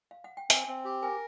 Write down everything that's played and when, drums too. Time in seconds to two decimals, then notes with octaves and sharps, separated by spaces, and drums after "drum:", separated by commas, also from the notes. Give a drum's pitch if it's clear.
0.11 F5
0.24 F#5
0.37 G5
0.50 C4 G#5, drum: hi-hat
0.68 C4
0.85 G4
1.02 A#4 G#5